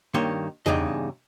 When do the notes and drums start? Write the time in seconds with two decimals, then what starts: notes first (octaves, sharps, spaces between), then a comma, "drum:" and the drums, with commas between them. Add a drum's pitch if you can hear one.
0.14 G2 D#3 A#3 C#5 C6
0.66 E2 G2 C#3 D#4 G#4 D#5, drum: tom E2